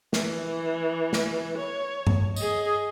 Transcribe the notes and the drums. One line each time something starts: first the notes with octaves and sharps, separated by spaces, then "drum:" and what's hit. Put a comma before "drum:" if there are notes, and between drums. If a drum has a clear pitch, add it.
E3, drum: snare
drum: snare
C#5
drum: tom G2
G#4 D#5, drum: tambourine